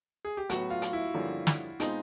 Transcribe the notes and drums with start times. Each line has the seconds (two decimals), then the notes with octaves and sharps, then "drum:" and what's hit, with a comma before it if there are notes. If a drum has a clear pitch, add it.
0.25 G#4
0.37 G4
0.50 A2 F#3 B3 F#4, drum: hi-hat
0.70 F4
0.82 drum: hi-hat
0.93 E4
1.14 G2 D3 F3 A#3 C#4
1.47 drum: snare
1.80 B2 G#3 C4 D#4 F4, drum: hi-hat